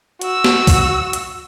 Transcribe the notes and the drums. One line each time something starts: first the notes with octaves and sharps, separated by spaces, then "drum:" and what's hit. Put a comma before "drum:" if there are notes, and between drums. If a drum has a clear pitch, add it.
F#4 E6, drum: hi-hat
drum: snare
drum: kick, open hi-hat
drum: hi-hat